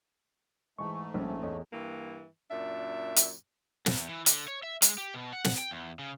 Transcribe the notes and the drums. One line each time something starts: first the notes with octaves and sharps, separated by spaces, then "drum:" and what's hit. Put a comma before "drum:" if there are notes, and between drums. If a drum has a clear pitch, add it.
G#2 E3 G#3 A3 C#6
A#1 G3 C#4
E2 A4 C#5 D#5
G2 E3 A#3
F#2 A#2 D4 E5
drum: hi-hat
E2, drum: snare
E3
D3, drum: hi-hat
C#5
E5
G#3, drum: hi-hat
G4
B2
F#5
drum: snare
G5
E2
C#3